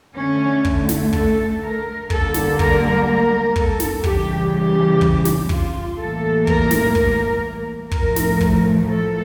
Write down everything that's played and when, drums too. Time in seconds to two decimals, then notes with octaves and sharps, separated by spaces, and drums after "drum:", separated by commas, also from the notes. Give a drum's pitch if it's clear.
0.16 D3 A3 C#4
0.65 drum: kick
0.89 drum: snare
1.13 A4, drum: kick
1.62 A#4
2.10 D3 G3 A#3 A4, drum: kick
2.34 drum: snare
2.59 A#4, drum: kick
3.07 A#4
3.56 A4, drum: kick
3.80 drum: snare
4.04 C#3 E3 G3 G4, drum: kick
4.52 G4
5.01 drum: kick
5.25 drum: snare
5.49 F4, drum: kick
5.98 A2 E3 G3 A#3 A4
6.47 A#4, drum: kick
6.71 drum: snare
6.95 A#4, drum: kick
7.91 A2 F3 A3 A#4, drum: kick
8.16 drum: snare
8.41 drum: kick
8.89 A4